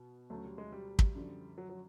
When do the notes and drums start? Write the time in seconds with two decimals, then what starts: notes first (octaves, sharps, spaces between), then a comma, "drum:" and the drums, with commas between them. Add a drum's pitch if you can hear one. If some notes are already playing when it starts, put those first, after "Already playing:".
Already playing: B2 B3
0.30 D2 C#3 F#3 A3
0.44 G3
0.58 G#3
0.72 G3
0.99 drum: kick
1.15 F#2 D3 F3
1.58 F#3
1.69 F#3